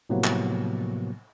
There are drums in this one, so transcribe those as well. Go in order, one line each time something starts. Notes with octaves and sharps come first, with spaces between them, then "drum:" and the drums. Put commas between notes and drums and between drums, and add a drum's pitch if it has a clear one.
A2 C3 F3 F#3 A#3 B3
drum: clap